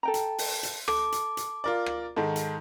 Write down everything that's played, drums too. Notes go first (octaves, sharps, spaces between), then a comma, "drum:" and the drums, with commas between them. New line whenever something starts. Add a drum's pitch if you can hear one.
A4 G5 A#5
drum: hi-hat
drum: open hi-hat
drum: hi-hat
A4 D6, drum: rim click
drum: hi-hat
drum: hi-hat
F4 A#4 D5
drum: rim click
G#2 D#3 A4
drum: hi-hat